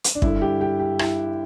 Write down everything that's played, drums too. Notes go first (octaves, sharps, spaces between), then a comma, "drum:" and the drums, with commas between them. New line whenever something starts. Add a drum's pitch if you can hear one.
drum: hi-hat
D4
G2 D3 E4, drum: kick
G4
G4
G4
E4, drum: rim click